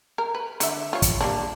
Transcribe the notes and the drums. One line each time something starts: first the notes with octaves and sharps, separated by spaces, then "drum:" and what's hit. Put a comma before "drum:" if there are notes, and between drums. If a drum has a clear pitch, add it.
A#4
B4
D3 E5, drum: hi-hat
F4 C#5
drum: kick, hi-hat
G3 A#3 D4